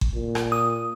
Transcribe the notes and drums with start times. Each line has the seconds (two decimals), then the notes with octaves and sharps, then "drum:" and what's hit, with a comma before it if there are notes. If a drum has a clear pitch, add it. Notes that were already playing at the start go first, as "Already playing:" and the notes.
0.01 drum: kick G1
0.14 A#2
0.35 drum: rim click
0.52 D#6